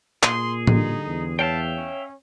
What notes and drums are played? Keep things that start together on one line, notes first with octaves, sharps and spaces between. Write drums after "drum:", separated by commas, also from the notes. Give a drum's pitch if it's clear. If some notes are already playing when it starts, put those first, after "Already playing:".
A#2 G#4 C6, drum: clap
D3 G3 D#4, drum: tom A2
E2
C#5 E5 F5 G5 A5
C#4